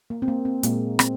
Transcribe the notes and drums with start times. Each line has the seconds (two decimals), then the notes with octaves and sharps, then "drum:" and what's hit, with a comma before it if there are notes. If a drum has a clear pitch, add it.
0.10 A#3
0.22 C4
0.28 A#3
0.45 C4
0.63 A#2 G#3 A#3, drum: hi-hat
0.99 C4, drum: rim click